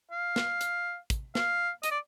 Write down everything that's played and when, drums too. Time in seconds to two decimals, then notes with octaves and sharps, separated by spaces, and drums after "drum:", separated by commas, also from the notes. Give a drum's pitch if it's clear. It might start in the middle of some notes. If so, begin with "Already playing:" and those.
0.11 F5
0.36 drum: snare
0.61 drum: hi-hat
1.10 drum: kick, hi-hat
1.35 F5, drum: snare
1.83 D#5, drum: hi-hat
1.91 D5